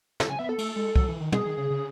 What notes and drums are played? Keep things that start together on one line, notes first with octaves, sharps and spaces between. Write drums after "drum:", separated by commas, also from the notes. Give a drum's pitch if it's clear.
C#3 A4, drum: snare
G#5
B3 E5
A4
A3, drum: cymbal
G#3
F#3, drum: kick
E3
D#3
B2 G#4, drum: tom
D#3
C#3
C#3